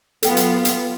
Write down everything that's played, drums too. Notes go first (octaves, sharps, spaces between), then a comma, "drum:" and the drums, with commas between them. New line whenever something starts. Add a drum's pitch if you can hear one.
F#3 B3 F4 A4 G5, drum: hi-hat
drum: hi-hat
drum: hi-hat